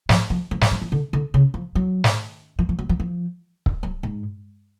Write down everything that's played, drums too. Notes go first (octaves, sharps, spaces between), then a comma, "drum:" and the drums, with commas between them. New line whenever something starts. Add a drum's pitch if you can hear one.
F3, drum: snare
F3
F3
F#3, drum: snare
F#3
F3
D3
D3
C#3
F3
F#3
drum: snare
F3
F3
F#3
F3
F3
drum: kick C#1
F#3
G#2